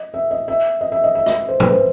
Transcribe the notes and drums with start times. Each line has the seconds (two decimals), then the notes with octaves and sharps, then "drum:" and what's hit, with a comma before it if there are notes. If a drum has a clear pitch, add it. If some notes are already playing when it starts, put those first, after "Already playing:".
Already playing: D#5
0.14 E5
0.31 D#5
0.48 E5
0.81 D#5
0.92 E5
1.04 D#5
1.15 E5
1.26 D#5, drum: rim click
1.49 C5
1.60 B4, drum: tom
1.71 C5